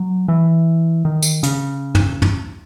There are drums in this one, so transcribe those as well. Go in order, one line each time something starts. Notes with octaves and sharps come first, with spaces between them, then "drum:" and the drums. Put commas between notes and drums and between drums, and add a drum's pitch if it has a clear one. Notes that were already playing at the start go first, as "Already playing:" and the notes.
Already playing: F#3
E3
D#3
drum: tambourine
C#3, drum: hi-hat
drum: tom
drum: tom